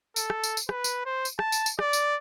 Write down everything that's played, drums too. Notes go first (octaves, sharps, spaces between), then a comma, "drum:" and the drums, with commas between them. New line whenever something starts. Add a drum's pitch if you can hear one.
A4, drum: tambourine
drum: rim click
drum: tambourine
drum: tambourine
B4, drum: rim click
drum: tambourine
C5
drum: tambourine
A5, drum: rim click
drum: tambourine
drum: tambourine
D5, drum: rim click
drum: tambourine